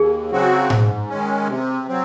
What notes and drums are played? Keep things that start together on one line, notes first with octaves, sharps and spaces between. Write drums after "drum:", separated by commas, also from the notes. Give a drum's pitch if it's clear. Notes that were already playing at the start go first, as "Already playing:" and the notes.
Already playing: D#2 G#4
C#3 F#3 C4 F#4
G#2, drum: tom A2
D#3 G#3 C#4
C3
F#3 C4